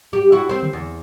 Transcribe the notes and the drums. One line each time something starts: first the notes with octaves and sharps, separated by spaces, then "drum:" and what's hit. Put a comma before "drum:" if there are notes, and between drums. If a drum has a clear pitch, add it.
G4
E4 F#4
C4 C5
drum: tom C#3
E2